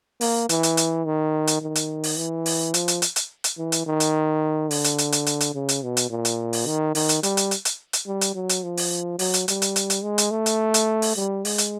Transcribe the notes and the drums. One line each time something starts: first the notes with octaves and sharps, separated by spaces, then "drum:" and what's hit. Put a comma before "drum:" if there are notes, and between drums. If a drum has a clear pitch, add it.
A#3, drum: open hi-hat
E3, drum: hi-hat
drum: hi-hat
drum: hi-hat
D#3
drum: hi-hat
D#3
drum: hi-hat
drum: open hi-hat
E3
drum: open hi-hat
F3, drum: hi-hat
drum: hi-hat
drum: hi-hat
drum: hi-hat
drum: hi-hat
E3
drum: hi-hat
D#3
drum: hi-hat
D3, drum: open hi-hat
drum: hi-hat
drum: hi-hat
drum: hi-hat
drum: hi-hat
drum: hi-hat
C#3
drum: hi-hat
B2
drum: hi-hat
A#2
drum: hi-hat
drum: open hi-hat
D#3
D#3, drum: open hi-hat
drum: hi-hat
G3, drum: hi-hat
drum: hi-hat
drum: hi-hat
drum: hi-hat
drum: hi-hat
G3
drum: hi-hat
F#3
drum: hi-hat
F3
drum: open hi-hat
F#3, drum: open hi-hat
drum: hi-hat
G3, drum: hi-hat
drum: hi-hat
drum: hi-hat
drum: hi-hat
G#3
drum: hi-hat
A3
drum: hi-hat
drum: hi-hat
drum: open hi-hat
G3
G#3, drum: open hi-hat
drum: hi-hat